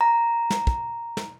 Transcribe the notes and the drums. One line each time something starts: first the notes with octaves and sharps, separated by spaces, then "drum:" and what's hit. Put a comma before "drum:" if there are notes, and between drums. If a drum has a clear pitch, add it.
A#5
drum: snare
drum: kick
drum: snare